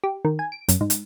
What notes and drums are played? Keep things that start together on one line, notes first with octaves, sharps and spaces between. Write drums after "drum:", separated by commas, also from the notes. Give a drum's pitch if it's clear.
G4
D#3
G#5
D7
F#2, drum: hi-hat
G#2
drum: hi-hat